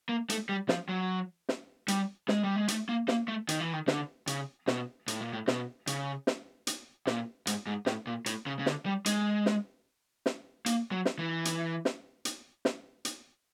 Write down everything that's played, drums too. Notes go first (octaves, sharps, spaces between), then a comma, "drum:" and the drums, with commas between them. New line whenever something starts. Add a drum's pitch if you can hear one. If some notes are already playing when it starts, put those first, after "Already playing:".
A#3
A3, drum: hi-hat
G3
F3, drum: snare
F#3
drum: snare
G3, drum: hi-hat
G#3, drum: snare
G3
G#3
A3, drum: hi-hat
A#3
A#3, drum: snare
A3
D#3, drum: hi-hat
E3
D#3
D3, drum: snare
C#3, drum: hi-hat
B2, drum: snare
A2, drum: hi-hat
A#2
A2
B2, drum: snare
C#3, drum: hi-hat
drum: snare
drum: hi-hat
A#2, drum: snare
G#2, drum: hi-hat
G#2
A2, drum: snare
A#2
A2, drum: hi-hat
C#3
C#3
D3, drum: snare
G3
G#3, drum: hi-hat
drum: snare
drum: snare
A#3, drum: hi-hat
F#3
drum: snare
E3
drum: hi-hat
drum: snare
drum: hi-hat
drum: snare
drum: hi-hat